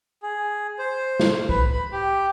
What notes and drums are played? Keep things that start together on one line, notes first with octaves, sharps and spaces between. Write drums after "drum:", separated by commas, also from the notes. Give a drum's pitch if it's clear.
G#4
C5
drum: snare
B4, drum: kick C2
B5
G4